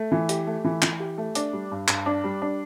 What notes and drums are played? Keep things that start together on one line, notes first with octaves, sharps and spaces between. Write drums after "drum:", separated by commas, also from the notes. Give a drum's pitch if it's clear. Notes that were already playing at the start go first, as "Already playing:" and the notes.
Already playing: A3
E3
G4, drum: hi-hat
A3
E3
E3, drum: clap
G4
A3
D4, drum: hi-hat
G3
G2
G2, drum: clap
D4
G3
D4